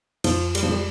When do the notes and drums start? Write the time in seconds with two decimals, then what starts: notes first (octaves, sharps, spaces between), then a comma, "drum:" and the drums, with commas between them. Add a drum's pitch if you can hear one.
0.24 F2 F3, drum: cymbal
0.55 G3, drum: cymbal
0.63 F3
0.69 G3 G#3